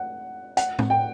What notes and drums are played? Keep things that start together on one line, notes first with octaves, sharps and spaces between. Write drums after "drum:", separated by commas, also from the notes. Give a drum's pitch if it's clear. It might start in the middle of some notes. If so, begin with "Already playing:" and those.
Already playing: F#5
F#5, drum: hi-hat
drum: tom A2
G5